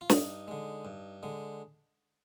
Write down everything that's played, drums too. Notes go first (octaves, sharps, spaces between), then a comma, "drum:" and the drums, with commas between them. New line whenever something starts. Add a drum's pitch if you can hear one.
F4
G2 D#4, drum: snare
D3 G#3
G2
D3 G#3